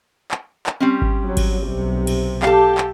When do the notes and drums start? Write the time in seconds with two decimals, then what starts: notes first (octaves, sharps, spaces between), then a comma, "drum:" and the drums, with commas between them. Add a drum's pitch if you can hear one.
0.31 drum: clap
0.66 drum: clap
0.80 G3 C4 C#4
1.02 drum: kick G#1
1.24 F#3
1.37 drum: kick G#1, cymbal
1.64 B1 C3
2.07 drum: cymbal
2.42 G4 A4 F5, drum: clap
2.78 drum: clap